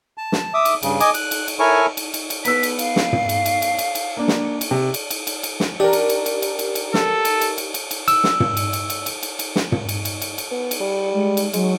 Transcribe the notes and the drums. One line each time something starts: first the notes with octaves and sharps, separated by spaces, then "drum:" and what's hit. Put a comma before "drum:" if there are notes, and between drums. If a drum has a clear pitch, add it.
A5
drum: snare
E5 D6 D#6
drum: cymbal
G2 C#3, drum: cymbal
D#5 G#5 D6 D#6, drum: cymbal
F#6, drum: cymbal
drum: cymbal
drum: cymbal
E4 A4 A#4 C#5 G#5 C#6
drum: cymbal
drum: cymbal
drum: cymbal
B3 B4 E6 B6, drum: cymbal
drum: cymbal
F5, drum: cymbal
drum: snare
drum: tom
drum: cymbal
drum: cymbal
drum: cymbal
drum: cymbal
drum: cymbal
A#3 D4
drum: snare
drum: cymbal
C3
drum: cymbal
drum: cymbal
drum: cymbal
drum: cymbal
drum: snare
D4 G4 A#4
drum: cymbal
drum: cymbal
drum: cymbal
drum: cymbal
drum: cymbal
drum: cymbal
A4, drum: snare
drum: cymbal
drum: cymbal
drum: cymbal
drum: cymbal
drum: cymbal
E6, drum: cymbal
drum: snare
drum: tom
drum: cymbal
drum: cymbal
drum: cymbal
drum: cymbal
drum: cymbal
drum: cymbal
drum: snare
drum: tom
drum: cymbal
drum: cymbal
drum: cymbal
drum: cymbal
B3
drum: cymbal
G3
G#3
drum: cymbal
F#3 G#3, drum: cymbal